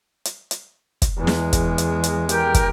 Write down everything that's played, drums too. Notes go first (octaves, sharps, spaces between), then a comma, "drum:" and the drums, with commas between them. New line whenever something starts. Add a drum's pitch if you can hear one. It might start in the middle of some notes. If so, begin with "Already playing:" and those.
drum: hi-hat
drum: hi-hat
drum: kick, hi-hat
E2 G#3
drum: snare
drum: kick, hi-hat
drum: hi-hat
drum: hi-hat
G4 A#4 G5, drum: hi-hat
drum: kick, hi-hat